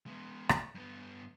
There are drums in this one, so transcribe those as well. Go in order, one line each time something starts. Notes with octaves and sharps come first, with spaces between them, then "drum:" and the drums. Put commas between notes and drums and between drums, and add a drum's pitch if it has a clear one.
G#3 B3
drum: rim click
G2 B3